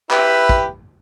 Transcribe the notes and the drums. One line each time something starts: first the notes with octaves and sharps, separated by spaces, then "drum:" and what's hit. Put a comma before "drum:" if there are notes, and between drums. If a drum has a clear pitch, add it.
E4 G4 B4, drum: clap
drum: kick